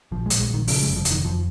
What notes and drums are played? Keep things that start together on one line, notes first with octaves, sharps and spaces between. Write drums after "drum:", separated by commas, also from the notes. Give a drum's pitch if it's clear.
A#1 F3
G#3
A#1, drum: hi-hat
G#3
A#1 D#3
C#3 F3, drum: open hi-hat
G#3
F1
F3
F1, drum: hi-hat
D#3
F2 F3